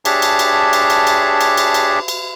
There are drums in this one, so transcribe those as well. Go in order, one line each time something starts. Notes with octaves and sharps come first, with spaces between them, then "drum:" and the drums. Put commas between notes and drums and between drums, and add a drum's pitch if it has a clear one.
D4 G4 G#4 C#5 E5 A5, drum: cymbal
drum: cymbal
drum: cymbal
drum: cymbal
drum: cymbal
drum: cymbal
drum: cymbal
drum: cymbal
drum: cymbal
drum: cymbal